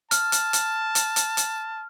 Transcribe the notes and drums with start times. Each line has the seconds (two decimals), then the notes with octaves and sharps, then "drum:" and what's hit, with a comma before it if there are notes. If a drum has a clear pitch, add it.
0.11 A5 F6, drum: hi-hat
0.32 drum: hi-hat
0.53 drum: hi-hat
0.95 drum: hi-hat
1.16 drum: hi-hat
1.37 drum: hi-hat